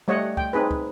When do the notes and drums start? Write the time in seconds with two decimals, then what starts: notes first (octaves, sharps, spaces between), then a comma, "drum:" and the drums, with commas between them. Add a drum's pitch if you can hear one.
0.08 G3 A3 C#5 D#5 F#5
0.37 G5, drum: kick
0.53 C4 D#4 G#4 B4
0.71 drum: kick